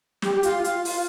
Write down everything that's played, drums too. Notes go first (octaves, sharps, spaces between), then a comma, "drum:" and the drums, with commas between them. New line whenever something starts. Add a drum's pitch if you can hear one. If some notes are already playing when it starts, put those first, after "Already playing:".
G4, drum: snare
G4
F4, drum: hi-hat
F4, drum: hi-hat
F4, drum: open hi-hat